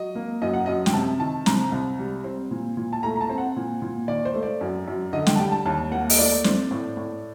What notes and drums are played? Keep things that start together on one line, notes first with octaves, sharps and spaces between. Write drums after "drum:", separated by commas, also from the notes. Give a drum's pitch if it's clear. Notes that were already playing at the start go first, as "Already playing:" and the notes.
Already playing: F#3 D#5
A#3
F#2 D#5
F#5
F#2 D#5
G5, drum: snare
C3 A5
D#3 A5
C2 A#5, drum: snare
C2
G3
C4
A#2
A#2
A5
A3 A#5
A#5
A5
C4
F#5
A#2
A#2
D#3 D5
C5
A3
D5
F#2
F#2
D3 D#5
G5, drum: snare
A5
G3 G5
A5
D#2 A5
A#3 F#5
D#5, drum: open hi-hat
A3 D5
C4, drum: snare
A2
A2